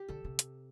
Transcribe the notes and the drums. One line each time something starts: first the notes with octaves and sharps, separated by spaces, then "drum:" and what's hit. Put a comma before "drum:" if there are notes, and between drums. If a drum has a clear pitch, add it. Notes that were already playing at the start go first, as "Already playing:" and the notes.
Already playing: G4
D3 A4
C3
drum: hi-hat